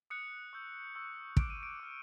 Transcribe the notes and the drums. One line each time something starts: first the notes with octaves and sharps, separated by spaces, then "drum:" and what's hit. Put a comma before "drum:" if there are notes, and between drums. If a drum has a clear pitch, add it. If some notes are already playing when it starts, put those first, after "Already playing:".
D#6 F#6 C#7
C#6 E6 G6
C#6 E6 G6
D6 F6 D7, drum: kick
D#7
D7
D6 F6